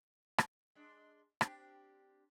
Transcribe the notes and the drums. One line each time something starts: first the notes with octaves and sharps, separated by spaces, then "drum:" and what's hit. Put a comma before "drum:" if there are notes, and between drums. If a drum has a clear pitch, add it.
drum: rim click
G#3 D4
C4 D4 G4, drum: rim click